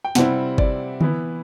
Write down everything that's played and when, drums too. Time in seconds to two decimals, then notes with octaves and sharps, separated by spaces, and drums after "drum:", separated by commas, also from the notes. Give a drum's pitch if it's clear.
0.05 G5
0.15 C3 G3 C4 E4 F#5, drum: snare
0.58 D5, drum: kick G1
1.01 E3 B3 E4, drum: tom D3